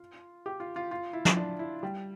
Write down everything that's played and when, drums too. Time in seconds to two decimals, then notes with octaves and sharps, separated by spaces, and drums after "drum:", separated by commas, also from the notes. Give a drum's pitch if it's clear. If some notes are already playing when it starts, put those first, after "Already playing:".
Already playing: F4
0.46 G4
0.60 F4
0.76 F4
0.91 F4
1.13 E4
1.25 drum: snare
1.37 D4
1.59 E4
1.83 G3